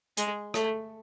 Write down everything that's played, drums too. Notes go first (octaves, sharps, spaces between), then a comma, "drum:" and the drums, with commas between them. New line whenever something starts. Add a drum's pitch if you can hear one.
G#3, drum: hi-hat
A3, drum: rim click